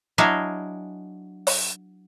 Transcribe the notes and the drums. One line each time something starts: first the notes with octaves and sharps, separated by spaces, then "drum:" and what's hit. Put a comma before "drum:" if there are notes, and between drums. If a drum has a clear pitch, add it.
F#3 D4 E4 D#5 F5 G#5
drum: open hi-hat